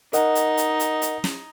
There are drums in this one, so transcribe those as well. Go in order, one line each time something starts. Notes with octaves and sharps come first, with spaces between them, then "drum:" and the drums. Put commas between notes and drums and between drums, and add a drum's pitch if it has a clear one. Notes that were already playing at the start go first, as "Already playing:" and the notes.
D#4 A#4 D#5 F#5, drum: hi-hat
drum: hi-hat
drum: hi-hat
drum: hi-hat
drum: hi-hat
drum: snare